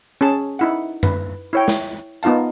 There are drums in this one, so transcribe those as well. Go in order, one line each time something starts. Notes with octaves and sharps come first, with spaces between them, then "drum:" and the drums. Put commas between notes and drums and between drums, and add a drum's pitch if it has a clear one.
C#4 G#4 A5
D#4 E4 F#5
B4, drum: tom F#2
E4 C#5 G5
drum: snare
B3 D#4 F4 F5 A5, drum: tambourine